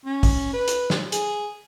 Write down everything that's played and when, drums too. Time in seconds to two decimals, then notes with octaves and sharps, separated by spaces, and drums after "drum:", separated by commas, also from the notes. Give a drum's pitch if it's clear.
0.05 C#4
0.23 drum: kick, open hi-hat
0.53 B4
0.68 drum: hi-hat
0.90 drum: snare
1.12 G#4, drum: hi-hat